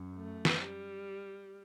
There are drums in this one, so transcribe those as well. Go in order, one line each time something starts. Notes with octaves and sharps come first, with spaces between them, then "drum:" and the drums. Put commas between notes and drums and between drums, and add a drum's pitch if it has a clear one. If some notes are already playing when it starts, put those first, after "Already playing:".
Already playing: F#2
A3
drum: snare
G3